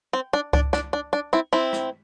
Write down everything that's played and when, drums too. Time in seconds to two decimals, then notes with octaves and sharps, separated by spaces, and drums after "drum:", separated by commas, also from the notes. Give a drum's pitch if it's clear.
0.13 C4
0.33 D4
0.53 D4, drum: kick C#2
0.73 D4, drum: rim click
0.93 D4
1.13 D4
1.33 C4 E4
1.53 C4 E4
1.73 drum: rim click